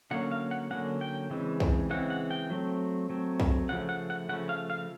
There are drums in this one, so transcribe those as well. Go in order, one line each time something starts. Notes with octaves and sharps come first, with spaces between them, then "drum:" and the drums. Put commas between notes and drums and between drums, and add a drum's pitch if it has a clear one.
D3 F#3 A#3 C#4 F#5
F5
F#5
D3 F#3 A#3 C#4 F#5
G5
C#3 E3 G#3 C4
drum: kick
C#3 E3 G#3 C4 F#5
F#5
G5
F#3 A3 C4
F#3 A3 C4
drum: kick
C#3 F3 A3 F#5
F#5
F#5
C#3 F3 A3 F#5
F5
F5